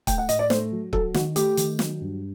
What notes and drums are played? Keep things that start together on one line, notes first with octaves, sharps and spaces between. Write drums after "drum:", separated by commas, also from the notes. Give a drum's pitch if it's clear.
A3 G5, drum: kick, hi-hat
F#5
A2 D#5, drum: hi-hat
D5
A3 C5, drum: snare
F#3
F#3 A4, drum: kick
D#3 F#4, drum: snare
A3 G4, drum: hi-hat
D#3, drum: hi-hat
F#3, drum: snare
G2